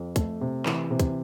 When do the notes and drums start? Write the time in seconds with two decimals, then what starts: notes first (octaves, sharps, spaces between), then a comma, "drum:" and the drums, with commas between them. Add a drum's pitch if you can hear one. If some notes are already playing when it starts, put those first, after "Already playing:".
Already playing: F2
0.16 A3, drum: kick, hi-hat
0.41 C3
0.66 E3, drum: clap
0.91 C3
1.00 drum: kick, hi-hat